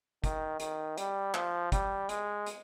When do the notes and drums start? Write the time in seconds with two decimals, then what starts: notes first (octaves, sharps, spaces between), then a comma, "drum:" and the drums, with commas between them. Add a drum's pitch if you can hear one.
0.24 D#3, drum: kick, hi-hat
0.60 D#3, drum: hi-hat
0.98 G3, drum: hi-hat
1.34 F3, drum: clap
1.72 G3, drum: kick, hi-hat
2.09 G#3, drum: hi-hat
2.46 drum: hi-hat